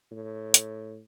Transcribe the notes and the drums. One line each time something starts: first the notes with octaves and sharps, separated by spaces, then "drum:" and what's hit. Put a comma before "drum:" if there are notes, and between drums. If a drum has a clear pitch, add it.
A2
drum: hi-hat